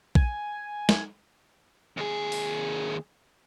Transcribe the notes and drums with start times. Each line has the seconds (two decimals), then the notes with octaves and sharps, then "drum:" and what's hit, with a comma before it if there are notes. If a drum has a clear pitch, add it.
0.15 G#5, drum: kick A#1
0.89 drum: snare
1.97 D#2 G#4
2.32 drum: open hi-hat